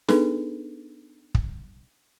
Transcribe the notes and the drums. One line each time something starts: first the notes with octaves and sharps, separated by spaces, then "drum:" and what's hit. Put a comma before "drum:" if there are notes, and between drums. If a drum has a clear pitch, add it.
B3 D4 D#4 G#4 A4 B4, drum: snare
drum: kick